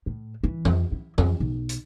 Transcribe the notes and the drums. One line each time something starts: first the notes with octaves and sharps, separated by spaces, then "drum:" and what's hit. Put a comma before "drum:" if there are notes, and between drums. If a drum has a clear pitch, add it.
A2
E3
F2, drum: tom
E4
F2, drum: tom
B1
drum: hi-hat